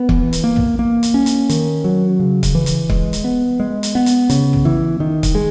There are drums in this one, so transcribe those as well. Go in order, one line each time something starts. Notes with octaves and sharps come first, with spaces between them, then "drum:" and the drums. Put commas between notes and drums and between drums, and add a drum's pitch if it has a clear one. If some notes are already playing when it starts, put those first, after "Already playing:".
Already playing: B3
E3, drum: kick C#1
drum: hi-hat
A#3
drum: tom
A#3
drum: hi-hat
C#4
drum: hi-hat
D#3, drum: hi-hat
F#3
C#3
drum: kick C#1, hi-hat
E3
drum: hi-hat
G#3, drum: kick C#1
drum: hi-hat
B3
G#3
drum: hi-hat
B3
drum: hi-hat
C#3, drum: hi-hat
drum: tom
E3
D#3
drum: kick C#1, hi-hat
G#3